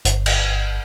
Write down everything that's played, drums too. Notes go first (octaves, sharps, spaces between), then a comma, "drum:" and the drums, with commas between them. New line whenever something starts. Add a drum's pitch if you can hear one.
G1, drum: hi-hat
drum: cymbal